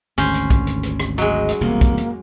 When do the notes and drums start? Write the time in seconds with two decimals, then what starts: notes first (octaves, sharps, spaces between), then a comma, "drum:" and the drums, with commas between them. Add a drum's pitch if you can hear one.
0.18 G#1 D2 C#4 C5, drum: hi-hat
0.34 drum: hi-hat
0.50 drum: kick, hi-hat
0.67 drum: hi-hat
0.83 drum: hi-hat
1.00 drum: rim click
1.18 F#3 G#3 D#5, drum: hi-hat
1.49 drum: hi-hat
1.61 E1 C2 C3 A#3
1.81 drum: kick, hi-hat
1.98 drum: hi-hat